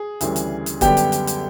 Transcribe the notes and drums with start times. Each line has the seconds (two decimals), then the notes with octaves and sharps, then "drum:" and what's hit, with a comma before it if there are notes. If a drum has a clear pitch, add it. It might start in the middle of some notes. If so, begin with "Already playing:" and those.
Already playing: G#4
0.21 D2 C#3 E3 G3, drum: hi-hat
0.36 drum: hi-hat
0.66 drum: hi-hat
0.81 F#2 D3 G3 B3 G4 G5, drum: kick E1, hi-hat
0.97 drum: hi-hat
1.12 drum: hi-hat
1.27 drum: hi-hat